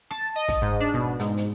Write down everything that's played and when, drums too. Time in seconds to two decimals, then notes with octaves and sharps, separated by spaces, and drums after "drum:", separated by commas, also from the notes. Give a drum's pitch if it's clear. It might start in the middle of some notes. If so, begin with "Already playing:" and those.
0.10 A5, drum: rim click
0.36 D#5
0.48 drum: kick, hi-hat
0.62 G#2
0.80 D4
0.94 B2
1.19 G#2, drum: hi-hat
1.37 drum: hi-hat